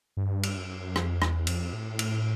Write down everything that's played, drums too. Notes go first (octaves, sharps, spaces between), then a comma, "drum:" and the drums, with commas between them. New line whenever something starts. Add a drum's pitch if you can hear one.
G2
drum: cymbal
F#2
F2, drum: rim click
E2, drum: rim click
F2, drum: cymbal
A2
drum: cymbal